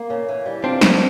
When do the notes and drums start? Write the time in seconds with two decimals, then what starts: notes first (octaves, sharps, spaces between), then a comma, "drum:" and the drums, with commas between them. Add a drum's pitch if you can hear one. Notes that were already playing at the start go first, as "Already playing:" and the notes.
Already playing: A#3
0.10 C#3
0.28 E3
0.46 G3
0.63 C4 D4 F4
0.81 E3, drum: snare